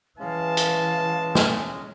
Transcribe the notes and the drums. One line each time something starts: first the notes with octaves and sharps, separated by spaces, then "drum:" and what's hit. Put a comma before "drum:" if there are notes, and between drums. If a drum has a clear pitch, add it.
E3 G#3 C#4 F5 A5
drum: hi-hat
drum: snare